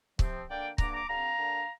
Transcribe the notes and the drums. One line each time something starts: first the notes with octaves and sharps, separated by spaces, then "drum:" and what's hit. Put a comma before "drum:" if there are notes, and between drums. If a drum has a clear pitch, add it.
C3 F3 C4, drum: kick C#1
D3 A#3 D4 D5 G5
G2 D3 A#3 D4 A#5 D6, drum: kick C#1
A#5 D6
D3 G3 C4 F5 A#5
D3 A#3 D4